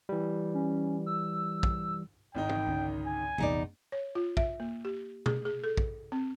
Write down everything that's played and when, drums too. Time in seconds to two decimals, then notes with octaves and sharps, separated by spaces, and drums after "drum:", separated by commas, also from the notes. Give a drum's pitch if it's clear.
0.09 E3 G3
0.54 C#4
1.06 E6
1.63 drum: kick
2.35 G#1 D#3 D#4 G5
2.49 drum: tom
2.67 C#2 D3 C#4
3.06 G#5
3.38 A#1 E2 C3 D#4 D5
3.92 C#5
4.15 F4
4.37 E5, drum: kick
4.60 A#3
4.85 G4
5.26 G#4, drum: tom
5.45 G#4
5.64 A4
5.77 drum: kick
6.12 C4